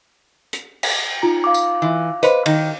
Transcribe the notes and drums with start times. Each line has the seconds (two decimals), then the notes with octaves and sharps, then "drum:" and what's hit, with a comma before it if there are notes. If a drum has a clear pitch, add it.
0.53 drum: hi-hat
0.83 drum: cymbal
1.22 D#4 F4 A#5
1.44 F5 D6
1.54 drum: tambourine
1.82 E3
2.23 B4 C5 D#5, drum: hi-hat
2.46 D#3 D#5, drum: cymbal